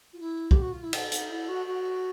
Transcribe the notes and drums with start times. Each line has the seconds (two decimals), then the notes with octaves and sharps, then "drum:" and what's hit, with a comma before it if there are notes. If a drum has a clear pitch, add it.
0.13 F4
0.20 E4
0.51 G4, drum: kick
0.61 F#4
0.72 F4
0.83 E4
0.93 D#4, drum: cymbal
1.12 D#4, drum: hi-hat
1.30 E4
1.48 F#4
1.66 F#4